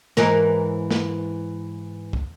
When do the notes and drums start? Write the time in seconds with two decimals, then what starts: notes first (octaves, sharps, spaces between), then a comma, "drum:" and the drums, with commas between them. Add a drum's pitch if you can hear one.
0.17 G#2 E3 A#4, drum: snare
0.91 drum: snare
2.13 drum: kick